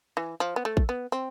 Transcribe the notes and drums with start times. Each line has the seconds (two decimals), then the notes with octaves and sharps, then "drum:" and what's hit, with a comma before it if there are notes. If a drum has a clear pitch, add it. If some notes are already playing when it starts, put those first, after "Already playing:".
0.17 E3
0.40 F3
0.56 B3
0.65 A3
0.77 drum: kick
0.89 B3
1.12 C4